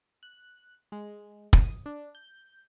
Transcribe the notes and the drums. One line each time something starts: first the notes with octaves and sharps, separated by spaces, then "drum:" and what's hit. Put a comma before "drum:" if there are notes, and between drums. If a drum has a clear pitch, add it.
F#6
G#3
D#6, drum: kick
D4
G6